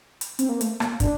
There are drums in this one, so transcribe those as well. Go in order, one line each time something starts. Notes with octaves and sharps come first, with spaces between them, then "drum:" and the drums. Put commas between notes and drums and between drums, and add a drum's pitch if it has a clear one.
drum: hi-hat
C4, drum: hi-hat
A#3
A3, drum: hi-hat
A#3, drum: rim click
D4, drum: kick, hi-hat